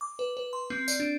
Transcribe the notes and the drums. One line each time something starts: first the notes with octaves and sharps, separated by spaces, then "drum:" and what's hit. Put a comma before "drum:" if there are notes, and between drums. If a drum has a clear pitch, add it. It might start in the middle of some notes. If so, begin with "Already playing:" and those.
D6
B4
B4
C6
C4
D5, drum: tambourine
D4